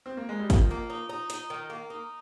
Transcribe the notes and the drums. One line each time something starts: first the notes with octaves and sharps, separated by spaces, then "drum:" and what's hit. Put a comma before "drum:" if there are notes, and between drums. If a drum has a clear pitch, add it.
C4
A#3
G#3
G3
D#3 F3, drum: kick, hi-hat
A#3
D#4
D#4
D#4, drum: hi-hat
D#3
A#3
D#4